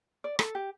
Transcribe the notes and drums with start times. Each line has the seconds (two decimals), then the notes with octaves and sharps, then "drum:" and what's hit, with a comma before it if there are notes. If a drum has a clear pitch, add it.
0.24 D5
0.39 A4, drum: rim click
0.55 G4